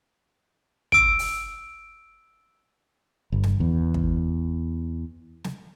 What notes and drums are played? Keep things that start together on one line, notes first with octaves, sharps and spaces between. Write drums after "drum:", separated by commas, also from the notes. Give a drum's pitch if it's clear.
E6 D7, drum: kick
drum: open hi-hat
G1
drum: snare
E2
drum: kick
drum: snare